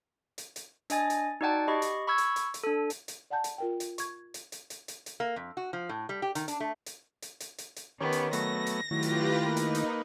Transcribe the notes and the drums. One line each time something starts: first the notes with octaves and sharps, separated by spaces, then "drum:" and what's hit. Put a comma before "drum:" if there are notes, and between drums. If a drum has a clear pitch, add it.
drum: hi-hat
drum: hi-hat
D4 D#5 G#5 A6, drum: hi-hat
drum: hi-hat
D#4 F#4 D5 F#5 G5 A5
G4 D#5 B5 C#6
drum: hi-hat
B5 C#6 E6 G#6
drum: hi-hat
drum: hi-hat
drum: hi-hat
D4 A4
drum: hi-hat
drum: hi-hat
D5 F#5 G#5 A5 G6
drum: hi-hat
F4 A#4 G5
drum: hi-hat
C#6 G#6, drum: hi-hat
drum: hi-hat
drum: hi-hat
drum: hi-hat
drum: hi-hat
drum: hi-hat
A#3
F2
F#4
F3
A2
G3
G4
D#3, drum: hi-hat
D4, drum: hi-hat
A3
drum: hi-hat
drum: hi-hat
drum: hi-hat
drum: hi-hat
drum: hi-hat
D#3 B3 C#4 G4 C#5
drum: hi-hat
F#3 A3 B3 A#6, drum: hi-hat
drum: hi-hat
D#3 F#3 A3 E4 F4 G4 B4
drum: hi-hat
A#3 D#4 B4
drum: hi-hat
drum: hi-hat